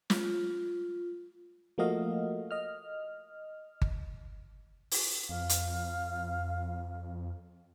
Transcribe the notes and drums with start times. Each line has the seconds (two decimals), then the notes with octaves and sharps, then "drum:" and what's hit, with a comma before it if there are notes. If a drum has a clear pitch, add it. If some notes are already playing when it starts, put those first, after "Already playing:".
0.10 F4, drum: snare
1.78 F3 A3 A#3 F#4 D#5 F5
2.51 D#5 F6
3.82 drum: kick G1
4.91 drum: open hi-hat
5.29 F2 F5
5.49 drum: hi-hat